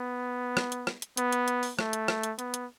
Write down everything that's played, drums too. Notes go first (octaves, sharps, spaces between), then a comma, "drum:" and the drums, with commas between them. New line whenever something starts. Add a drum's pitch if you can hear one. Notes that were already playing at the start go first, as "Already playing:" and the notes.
Already playing: B3
drum: rim click
drum: hi-hat
drum: rim click
drum: hi-hat
B3, drum: hi-hat
drum: hi-hat
drum: hi-hat
drum: open hi-hat
A3, drum: rim click
drum: hi-hat
drum: rim click
drum: hi-hat
B3, drum: hi-hat
drum: hi-hat